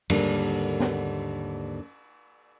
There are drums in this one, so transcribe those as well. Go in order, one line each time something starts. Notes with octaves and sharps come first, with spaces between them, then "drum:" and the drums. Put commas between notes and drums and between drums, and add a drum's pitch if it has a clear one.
D#2 G#2 D3 G3 A#3 D4, drum: cymbal
drum: snare